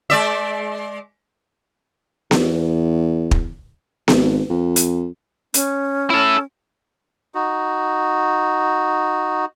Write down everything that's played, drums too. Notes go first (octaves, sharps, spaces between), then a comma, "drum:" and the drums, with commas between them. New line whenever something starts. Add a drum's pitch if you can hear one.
G#3 D5 E5
E2, drum: snare B3
drum: kick
G#1, drum: snare B3
F2
drum: hi-hat
C#4, drum: hi-hat
E4 A4
D#4 F#4